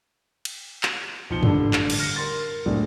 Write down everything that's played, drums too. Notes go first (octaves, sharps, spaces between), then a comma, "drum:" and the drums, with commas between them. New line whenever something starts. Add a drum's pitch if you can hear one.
drum: cymbal
drum: clap
B1 F3 A5 C#7 G7
A1 D3 G3, drum: tom F#2
drum: clap
drum: cymbal
F6 A#6 C#7
A#4 C6 A6
D1 A2 F#3 D4 G#4